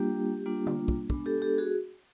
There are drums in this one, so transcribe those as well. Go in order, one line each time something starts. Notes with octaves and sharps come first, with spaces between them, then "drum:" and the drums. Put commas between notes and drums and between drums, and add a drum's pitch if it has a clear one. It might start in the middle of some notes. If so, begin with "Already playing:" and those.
Already playing: G3 A#3 D4 F4 G4
G3 A#3 D4 F4
drum: tom D3
drum: kick
G#3 B3 D4, drum: kick
G4 A4
G4 A4
F#4 G#4